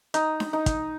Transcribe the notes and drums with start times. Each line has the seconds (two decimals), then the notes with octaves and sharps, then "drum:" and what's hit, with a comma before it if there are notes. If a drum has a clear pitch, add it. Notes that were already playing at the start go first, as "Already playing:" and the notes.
0.14 D#4, drum: hi-hat
0.40 drum: snare D4
0.53 D#4
0.66 drum: kick, hi-hat